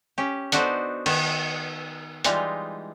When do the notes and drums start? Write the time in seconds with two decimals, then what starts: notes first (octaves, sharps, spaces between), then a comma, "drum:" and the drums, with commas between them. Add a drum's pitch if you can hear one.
0.18 C#4 G4
0.52 B3 D4 D#4 F#4 A4 C5, drum: hi-hat
1.06 D#3 B3, drum: cymbal
2.24 E3 G3 G#3 D#4 F4, drum: hi-hat